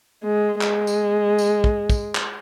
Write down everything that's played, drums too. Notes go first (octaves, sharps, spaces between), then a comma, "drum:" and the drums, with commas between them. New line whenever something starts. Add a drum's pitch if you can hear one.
G#3
G#3, drum: clap
drum: tambourine
drum: tambourine
drum: kick
drum: kick, tambourine
drum: clap